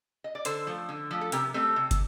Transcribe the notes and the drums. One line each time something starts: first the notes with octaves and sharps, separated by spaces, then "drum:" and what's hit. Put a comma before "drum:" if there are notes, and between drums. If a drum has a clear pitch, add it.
D#5
D5
D3 A4 C5, drum: hi-hat
F3 A3
D3
F3 A3
A4
C3 G4 A#4, drum: hi-hat
G3 A3 C4
C3
drum: kick, hi-hat